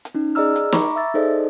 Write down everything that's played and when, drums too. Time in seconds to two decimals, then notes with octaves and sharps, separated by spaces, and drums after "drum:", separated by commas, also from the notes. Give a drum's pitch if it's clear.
0.05 drum: hi-hat
0.15 C#4 D#4
0.35 G#4 D5 D#5 A#5 E6 F6
0.56 drum: hi-hat
0.72 A#5 B5 C#6 D6, drum: snare
0.96 E5 E6 A6
1.14 D#4 G#4 A4 C5 D5 D#5